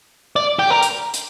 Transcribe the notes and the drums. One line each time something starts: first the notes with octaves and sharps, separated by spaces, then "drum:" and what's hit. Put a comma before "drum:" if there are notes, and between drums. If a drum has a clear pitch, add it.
D5
G4
A#4
drum: hi-hat
drum: hi-hat